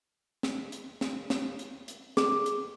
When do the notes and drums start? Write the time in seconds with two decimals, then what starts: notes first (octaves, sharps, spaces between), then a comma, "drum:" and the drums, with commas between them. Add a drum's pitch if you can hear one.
0.43 drum: snare
0.72 drum: hi-hat
1.01 drum: snare
1.30 drum: snare
1.59 drum: hi-hat
1.88 drum: hi-hat
2.17 G#4, drum: snare
2.46 drum: hi-hat